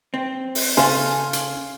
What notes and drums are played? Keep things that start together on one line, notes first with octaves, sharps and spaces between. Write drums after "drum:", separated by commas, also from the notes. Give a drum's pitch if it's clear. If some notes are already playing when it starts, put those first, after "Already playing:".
C4
drum: open hi-hat
C#3 A4 F5 G#5 C6, drum: snare
drum: hi-hat